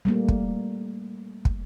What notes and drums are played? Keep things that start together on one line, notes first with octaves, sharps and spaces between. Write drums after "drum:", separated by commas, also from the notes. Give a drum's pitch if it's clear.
G3 A3 A#3
drum: kick
drum: kick